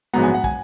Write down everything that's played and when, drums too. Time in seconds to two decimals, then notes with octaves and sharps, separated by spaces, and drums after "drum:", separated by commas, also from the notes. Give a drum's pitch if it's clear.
0.13 A#1 G#2 F#3 B3 A#5
0.23 G#5
0.34 F#5
0.44 G#5, drum: kick